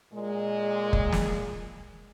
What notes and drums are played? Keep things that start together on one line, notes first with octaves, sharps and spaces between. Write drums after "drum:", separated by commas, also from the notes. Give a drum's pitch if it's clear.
A#2 G#3
drum: kick
drum: snare